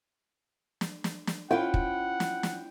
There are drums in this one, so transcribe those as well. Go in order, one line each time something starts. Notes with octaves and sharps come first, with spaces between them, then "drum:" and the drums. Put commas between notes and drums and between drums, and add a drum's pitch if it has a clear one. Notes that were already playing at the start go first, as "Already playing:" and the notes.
drum: snare
drum: snare
drum: snare
C#4 E4 F4 F#5 G5
drum: kick
drum: snare
drum: snare